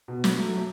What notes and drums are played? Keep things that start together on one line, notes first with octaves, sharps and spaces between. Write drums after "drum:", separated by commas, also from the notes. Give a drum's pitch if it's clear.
B2
drum: snare
F#3 A3